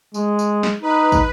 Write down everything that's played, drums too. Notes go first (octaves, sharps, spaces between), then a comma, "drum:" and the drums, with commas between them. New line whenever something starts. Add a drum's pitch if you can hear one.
G#3, drum: tambourine
drum: tambourine
drum: snare
D#4 B4
drum: kick, tambourine